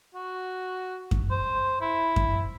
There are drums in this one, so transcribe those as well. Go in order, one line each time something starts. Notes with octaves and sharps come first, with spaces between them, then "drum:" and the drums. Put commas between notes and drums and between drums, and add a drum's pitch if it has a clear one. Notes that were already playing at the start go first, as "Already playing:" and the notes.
F#4
drum: kick F#2
C5
E4
drum: kick F#2